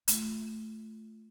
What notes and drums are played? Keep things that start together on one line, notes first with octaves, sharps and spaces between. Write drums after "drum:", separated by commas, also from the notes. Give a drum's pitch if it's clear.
A3 F4, drum: hi-hat